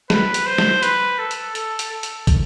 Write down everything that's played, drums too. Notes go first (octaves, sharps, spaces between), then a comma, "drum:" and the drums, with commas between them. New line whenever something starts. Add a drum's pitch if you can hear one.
B4, drum: snare
drum: hi-hat
C5
drum: snare
B4, drum: hi-hat
A4
drum: hi-hat
A4, drum: hi-hat
drum: hi-hat
A4
drum: hi-hat
drum: kick, hi-hat